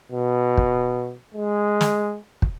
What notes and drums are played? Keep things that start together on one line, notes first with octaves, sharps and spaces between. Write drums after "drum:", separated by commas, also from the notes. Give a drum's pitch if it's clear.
B2
drum: kick
G#3
drum: snare
drum: kick